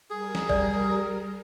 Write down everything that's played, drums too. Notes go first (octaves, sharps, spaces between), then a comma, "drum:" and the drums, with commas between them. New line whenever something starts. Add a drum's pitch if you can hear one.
G3 G#4 A#4
drum: snare
D5, drum: kick